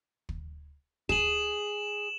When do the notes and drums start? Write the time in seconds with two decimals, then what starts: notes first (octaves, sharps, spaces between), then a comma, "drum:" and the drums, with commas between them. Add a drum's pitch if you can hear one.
0.29 drum: kick
1.09 G#4 E7 F#7, drum: kick